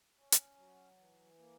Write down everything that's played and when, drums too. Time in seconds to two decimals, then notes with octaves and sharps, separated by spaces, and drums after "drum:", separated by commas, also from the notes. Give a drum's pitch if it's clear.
0.16 C#4
0.32 drum: hi-hat
0.57 F#3
0.97 E3
1.38 A#3